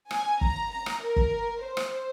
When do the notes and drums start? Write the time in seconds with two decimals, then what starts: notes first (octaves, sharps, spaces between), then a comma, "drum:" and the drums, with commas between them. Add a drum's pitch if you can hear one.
0.11 G#5, drum: rim click
0.41 A#5, drum: kick
0.71 A#5
0.86 drum: rim click
1.01 A#4
1.16 drum: kick
1.62 C5
1.77 drum: rim click